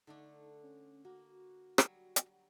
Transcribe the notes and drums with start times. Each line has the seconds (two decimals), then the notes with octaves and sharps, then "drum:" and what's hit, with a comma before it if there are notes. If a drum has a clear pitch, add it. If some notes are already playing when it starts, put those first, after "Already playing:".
0.07 D3 A3 D4 D#4
0.63 C#4
1.05 A#3 F#4
1.78 F#3 G3, drum: rim click
2.16 drum: hi-hat